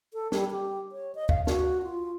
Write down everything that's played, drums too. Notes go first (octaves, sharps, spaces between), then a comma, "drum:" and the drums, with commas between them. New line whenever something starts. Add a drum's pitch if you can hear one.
A4
G3, drum: snare
G4
C#5
D#5
F5, drum: kick
F#4, drum: snare
F4